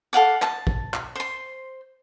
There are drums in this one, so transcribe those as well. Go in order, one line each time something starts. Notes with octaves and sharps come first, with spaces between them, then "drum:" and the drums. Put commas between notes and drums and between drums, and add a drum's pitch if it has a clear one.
A4 F5 F#5 D6
A5, drum: clap
drum: kick
drum: clap
C5 C6